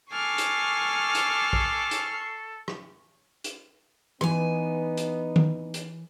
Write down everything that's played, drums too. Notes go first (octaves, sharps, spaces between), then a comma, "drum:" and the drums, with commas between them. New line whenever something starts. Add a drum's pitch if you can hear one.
A4 G#5 C#6 D6 F6 C7
drum: hi-hat
drum: hi-hat
drum: kick
drum: hi-hat
drum: rim click
drum: hi-hat
E3 B3 D#4 G#5, drum: rim click
drum: hi-hat
drum: tom D#3
drum: hi-hat